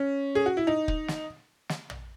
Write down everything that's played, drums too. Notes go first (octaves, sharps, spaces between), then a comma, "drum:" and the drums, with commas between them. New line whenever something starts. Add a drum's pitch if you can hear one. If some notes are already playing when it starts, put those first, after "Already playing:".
Already playing: C#4
G#4
F#4
E4
D#4
drum: kick
drum: snare
drum: snare
drum: tom